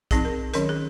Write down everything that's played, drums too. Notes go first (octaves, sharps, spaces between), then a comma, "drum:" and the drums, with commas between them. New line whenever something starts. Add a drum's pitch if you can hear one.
F3 C4 D#4 G#4, drum: kick, hi-hat
A#4
D#3 F#3 C#4 A#4, drum: hi-hat
G#4